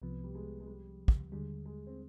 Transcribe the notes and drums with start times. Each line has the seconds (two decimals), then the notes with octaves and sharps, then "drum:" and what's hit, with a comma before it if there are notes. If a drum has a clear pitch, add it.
0.02 C2 C3 F3 B3
0.24 G3
0.35 G#3
0.60 G#3
0.67 G3
1.08 drum: kick
1.32 D#2 D3 G3 G#3
1.65 G#3
1.87 C4